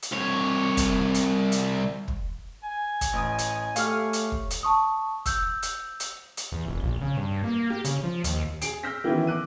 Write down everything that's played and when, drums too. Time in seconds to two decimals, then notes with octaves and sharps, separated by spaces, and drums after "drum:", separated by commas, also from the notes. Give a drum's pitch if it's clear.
0.02 drum: hi-hat
0.12 C2 C#5
0.77 drum: kick, hi-hat
1.14 drum: hi-hat
1.52 drum: hi-hat
2.08 drum: kick
2.63 G#5
3.01 drum: kick, hi-hat
3.13 A1 D#6
3.38 drum: hi-hat
3.76 A3 G4 C#5 F5 F6, drum: hi-hat
4.13 drum: hi-hat
4.32 drum: kick
4.50 drum: hi-hat
4.63 A5 C#6 D#6
5.26 E6 G6, drum: kick, hi-hat
5.62 drum: hi-hat
6.00 drum: hi-hat
6.37 drum: hi-hat
6.52 E2
6.68 F1
6.83 A#1
7.01 C#3
7.17 G2
7.44 A#3
7.70 G4
7.85 C#3, drum: hi-hat
8.03 F3
8.24 D#2, drum: hi-hat
8.61 G#4 C7 D7, drum: hi-hat
8.83 E6 F6 G6 A#6 B6
9.04 D#3 E3 F#3 B3 C#4 E4
9.27 D6 F#6 D#7